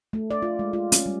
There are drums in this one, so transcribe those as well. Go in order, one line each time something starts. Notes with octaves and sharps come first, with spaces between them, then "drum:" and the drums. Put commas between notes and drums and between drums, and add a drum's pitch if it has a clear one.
A3
D5
F4
G#3
F4
C#4, drum: hi-hat
G3